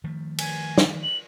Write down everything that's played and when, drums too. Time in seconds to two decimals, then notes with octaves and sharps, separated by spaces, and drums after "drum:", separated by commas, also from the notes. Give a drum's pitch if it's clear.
0.04 D#3 F3 A3
0.38 G#5, drum: cymbal
0.78 drum: snare
1.03 F#7